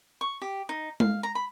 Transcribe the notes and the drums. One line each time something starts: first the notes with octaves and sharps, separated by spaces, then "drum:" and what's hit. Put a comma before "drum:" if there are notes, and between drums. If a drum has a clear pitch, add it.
C#6
G4
D#4
F5, drum: tom G#3
A#5
B5